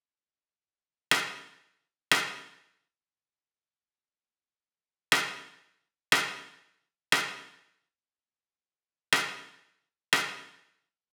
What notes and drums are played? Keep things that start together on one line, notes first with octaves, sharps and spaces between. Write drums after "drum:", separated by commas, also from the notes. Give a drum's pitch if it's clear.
D#3 G3 G#3 G4 A4 A#4
drum: rim click
A1 D2 B3
drum: rim click
D#5
C3
F5
F3
E6
A3
A#3
G2
G2
drum: rim click
E4 C5 F#5
drum: rim click
drum: rim click
A#3 D#4 F#4
drum: rim click
drum: rim click